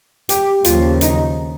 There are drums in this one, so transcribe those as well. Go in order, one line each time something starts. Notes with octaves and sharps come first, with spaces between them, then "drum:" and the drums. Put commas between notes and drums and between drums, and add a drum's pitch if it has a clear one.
G4, drum: hi-hat
D#2 C#3 F3 F4, drum: hi-hat
D#4, drum: hi-hat